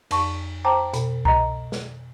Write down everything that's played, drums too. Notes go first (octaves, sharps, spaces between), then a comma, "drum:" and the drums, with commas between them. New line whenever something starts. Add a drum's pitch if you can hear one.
F2 A5 C#6, drum: cymbal
C5 G5 A5 A#5 D6
B2, drum: hi-hat
D#5 A#5, drum: kick C2
drum: snare